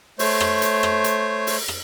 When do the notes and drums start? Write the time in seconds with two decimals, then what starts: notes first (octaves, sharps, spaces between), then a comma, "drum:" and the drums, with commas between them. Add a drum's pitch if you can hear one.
0.19 A3 C5 C#5, drum: open hi-hat
0.40 drum: rim click
0.62 drum: hi-hat
0.83 drum: rim click
1.04 drum: hi-hat
1.47 drum: open hi-hat
1.68 drum: rim click